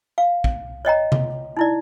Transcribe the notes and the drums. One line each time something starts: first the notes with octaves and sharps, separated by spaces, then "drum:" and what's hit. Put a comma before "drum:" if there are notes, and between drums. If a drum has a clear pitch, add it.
F5
drum: kick
C#5 D#5 G5 A#5
drum: tom C3
D#4 E4 D5